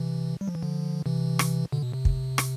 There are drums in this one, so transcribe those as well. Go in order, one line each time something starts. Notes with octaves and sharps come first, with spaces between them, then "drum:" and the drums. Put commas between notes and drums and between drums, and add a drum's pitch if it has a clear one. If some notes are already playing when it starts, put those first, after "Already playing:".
Already playing: C3 E3
G3
F3
E3
D3 F3
C3 E3
drum: rim click
B2 D3
B2
C3
drum: kick
drum: rim click